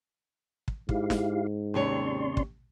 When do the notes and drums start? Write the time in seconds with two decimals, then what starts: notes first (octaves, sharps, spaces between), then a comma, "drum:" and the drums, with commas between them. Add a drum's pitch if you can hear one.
0.68 drum: kick
0.89 G#2 E4 G4 F5, drum: kick
1.10 drum: snare
1.74 D#2 C3 C#4 C#5 D5 C6
2.37 drum: kick